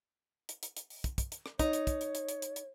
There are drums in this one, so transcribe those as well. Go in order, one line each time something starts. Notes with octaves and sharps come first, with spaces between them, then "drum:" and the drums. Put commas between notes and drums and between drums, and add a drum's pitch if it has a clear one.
drum: hi-hat
drum: hi-hat
drum: hi-hat
drum: open hi-hat
drum: kick, hi-hat
drum: kick, hi-hat
drum: hi-hat
drum: rim click
D#4 C#5, drum: kick, hi-hat
drum: hi-hat
drum: kick, hi-hat
drum: hi-hat
drum: hi-hat
drum: hi-hat
drum: hi-hat
drum: hi-hat